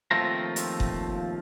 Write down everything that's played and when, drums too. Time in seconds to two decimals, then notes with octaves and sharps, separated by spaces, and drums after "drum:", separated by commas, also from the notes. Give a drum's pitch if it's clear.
0.11 D#2 F3 A3 C4 F4 A#5
0.56 drum: hi-hat
0.80 drum: kick F#1